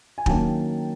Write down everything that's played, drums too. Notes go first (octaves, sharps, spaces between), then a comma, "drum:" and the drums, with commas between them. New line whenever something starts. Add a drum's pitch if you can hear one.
G#5
D#3 F#3 A#3 C#4 G5 A5, drum: kick